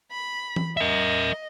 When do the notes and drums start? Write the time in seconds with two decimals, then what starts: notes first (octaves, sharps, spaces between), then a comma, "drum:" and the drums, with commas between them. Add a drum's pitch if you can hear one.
0.11 B5
0.56 drum: tom E3
0.77 A#4 D#5 E5